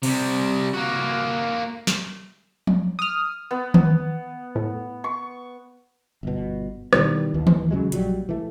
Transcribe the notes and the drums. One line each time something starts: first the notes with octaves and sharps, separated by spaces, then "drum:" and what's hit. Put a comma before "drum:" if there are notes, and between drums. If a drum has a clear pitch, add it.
C3 G3, drum: cymbal
A#3 F#4
drum: snare
drum: tom F3
D#6 F6
B3
drum: tom D#3
A2
C#6
G1 B2
B2 D#3 E3 G3, drum: rim click
D#2 E3
drum: tom D#3
C#3 F#3 G#3
A#1 F#3 G3, drum: hi-hat
E3 A3